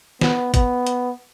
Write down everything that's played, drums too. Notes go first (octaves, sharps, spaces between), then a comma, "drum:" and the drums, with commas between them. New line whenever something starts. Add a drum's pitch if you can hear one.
B3, drum: snare
B3, drum: kick G1, hi-hat
drum: hi-hat